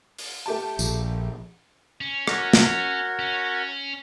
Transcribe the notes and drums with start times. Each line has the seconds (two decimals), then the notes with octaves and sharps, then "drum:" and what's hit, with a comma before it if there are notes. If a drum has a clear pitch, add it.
0.18 drum: open hi-hat
0.46 A3 G4 A5
0.79 A#1, drum: tambourine
2.01 C#4
2.28 F#4 A#4 C#5, drum: rim click
2.53 drum: snare
3.19 C#4